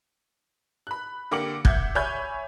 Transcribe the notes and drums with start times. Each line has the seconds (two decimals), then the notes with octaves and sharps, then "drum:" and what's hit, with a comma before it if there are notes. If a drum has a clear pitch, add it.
0.87 B5 F#6
1.31 D3 A#3 G4 D6 C#7 F#7
1.65 E5 F#5 G6 G#6, drum: kick
1.95 C#5 E5 G#5 B5 G6